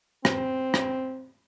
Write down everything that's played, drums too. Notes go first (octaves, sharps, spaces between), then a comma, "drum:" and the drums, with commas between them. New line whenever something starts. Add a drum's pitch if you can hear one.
C4, drum: rim click
drum: rim click